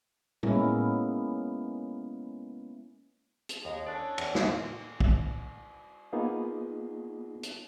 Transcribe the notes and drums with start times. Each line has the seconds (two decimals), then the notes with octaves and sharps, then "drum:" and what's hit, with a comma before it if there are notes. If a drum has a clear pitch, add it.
0.43 G#3 A#3 B3 C#4 E4 A#4, drum: tom A2
3.49 drum: hi-hat
3.65 D#2 G#3 D#5
3.87 C#4 D4 A4 D5
4.18 E2, drum: cymbal
4.35 F4 F#4, drum: snare
5.00 drum: kick
6.13 A#3 B3 D#4 F4 G#4
7.43 drum: hi-hat